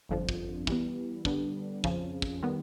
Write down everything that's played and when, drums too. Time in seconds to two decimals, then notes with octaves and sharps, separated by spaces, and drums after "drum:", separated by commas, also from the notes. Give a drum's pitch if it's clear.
0.09 G1 F2 D3 F3
0.29 drum: kick
0.67 E3 G3 B3, drum: kick
1.25 D3 G3 B3 D4, drum: kick
1.84 F2 C#3 F3, drum: kick
2.22 drum: kick
2.43 D#3 G3 B3